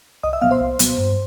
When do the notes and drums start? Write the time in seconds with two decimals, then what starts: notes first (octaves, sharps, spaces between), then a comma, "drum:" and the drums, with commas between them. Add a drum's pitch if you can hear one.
0.23 C2 D#5 D#6
0.33 E5 E6
0.41 A#2 F#3 B3 F5 F6
0.51 C5 C6
0.61 C2
0.79 A#2 F#3 B3, drum: hi-hat
0.98 G2